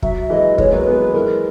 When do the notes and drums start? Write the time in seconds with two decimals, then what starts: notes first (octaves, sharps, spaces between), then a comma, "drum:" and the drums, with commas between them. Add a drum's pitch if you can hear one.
0.02 F#3 E5, drum: kick
0.30 E3 G#3 D#5
0.58 E3 G#3 C#5, drum: kick
0.72 F#3 A#3 B4
0.86 G#3 B3
1.14 E3 G#3 A#4